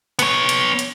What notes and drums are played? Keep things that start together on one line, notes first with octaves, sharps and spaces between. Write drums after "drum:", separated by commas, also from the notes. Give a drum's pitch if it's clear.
B3 C#5, drum: hi-hat
drum: hi-hat
drum: hi-hat